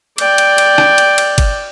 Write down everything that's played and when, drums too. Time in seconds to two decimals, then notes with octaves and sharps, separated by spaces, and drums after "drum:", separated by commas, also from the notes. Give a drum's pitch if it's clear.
0.18 D5 G5, drum: cymbal
0.38 drum: cymbal
0.58 drum: cymbal
0.78 drum: rim click
0.98 drum: cymbal
1.18 drum: cymbal
1.38 drum: kick, cymbal